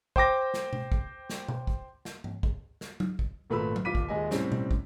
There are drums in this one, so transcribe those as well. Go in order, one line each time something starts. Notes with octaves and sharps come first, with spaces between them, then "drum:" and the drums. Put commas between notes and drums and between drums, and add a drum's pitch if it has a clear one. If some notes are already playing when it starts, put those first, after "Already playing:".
C5 G5 D6 A#6, drum: kick
drum: snare
drum: tom B2
drum: kick
drum: snare
drum: tom B2
drum: kick
drum: snare
drum: tom
drum: kick
drum: snare
drum: tom
drum: kick
G#1 A#2 A3 B4 B5 E6
drum: tom
D#1 F4 D6 B6 D#7
drum: kick
D#1 G#3 D#5 G#5
A2 C3 G3 C4 C#4, drum: snare
drum: tom B2
drum: kick